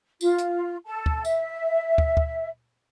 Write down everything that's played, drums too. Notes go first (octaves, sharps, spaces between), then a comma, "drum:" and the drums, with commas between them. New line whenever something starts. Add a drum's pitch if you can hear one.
F4, drum: tambourine
drum: hi-hat
A4 A5
drum: kick
E5, drum: tambourine
drum: kick
drum: kick